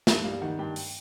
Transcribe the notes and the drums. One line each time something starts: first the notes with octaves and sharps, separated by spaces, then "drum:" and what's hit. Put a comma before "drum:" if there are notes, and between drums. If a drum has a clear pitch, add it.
G2 E5, drum: snare
G3 F5
D#3 F#5
G2 G5
drum: open hi-hat